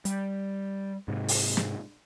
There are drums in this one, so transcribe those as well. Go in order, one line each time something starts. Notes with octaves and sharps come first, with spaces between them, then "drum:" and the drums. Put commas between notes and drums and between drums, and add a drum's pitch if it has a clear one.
G3, drum: hi-hat
G#2 C3
drum: open hi-hat
drum: snare